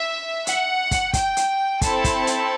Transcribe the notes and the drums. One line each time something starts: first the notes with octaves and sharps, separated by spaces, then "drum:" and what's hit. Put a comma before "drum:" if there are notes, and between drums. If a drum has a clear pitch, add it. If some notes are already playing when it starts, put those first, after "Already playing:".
Already playing: E5
F#5, drum: hi-hat
drum: kick, hi-hat
G5, drum: kick, hi-hat
drum: hi-hat
C4 E4 A4 A5, drum: kick, hi-hat
drum: kick, hi-hat
drum: hi-hat